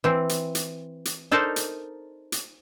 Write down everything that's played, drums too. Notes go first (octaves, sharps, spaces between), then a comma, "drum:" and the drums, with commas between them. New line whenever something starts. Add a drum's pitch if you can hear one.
E3 C4
drum: hi-hat
drum: hi-hat
drum: hi-hat
D#4 A4 A#4 C5 D5
drum: hi-hat
drum: hi-hat